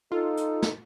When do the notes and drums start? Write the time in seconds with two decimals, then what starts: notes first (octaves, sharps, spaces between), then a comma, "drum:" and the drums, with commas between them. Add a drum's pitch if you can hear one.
0.12 D#4 F4 A4
0.37 drum: hi-hat
0.62 drum: snare